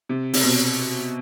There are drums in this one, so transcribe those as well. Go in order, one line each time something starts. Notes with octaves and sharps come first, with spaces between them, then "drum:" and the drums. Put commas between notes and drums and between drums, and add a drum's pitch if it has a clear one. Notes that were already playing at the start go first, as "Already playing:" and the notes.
C3
C3, drum: open hi-hat
B2